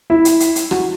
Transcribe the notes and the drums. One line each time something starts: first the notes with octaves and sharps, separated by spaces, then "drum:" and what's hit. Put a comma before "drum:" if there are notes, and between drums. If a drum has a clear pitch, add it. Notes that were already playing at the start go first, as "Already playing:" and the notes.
E4
drum: hi-hat
drum: hi-hat
drum: hi-hat
F#4, drum: rim click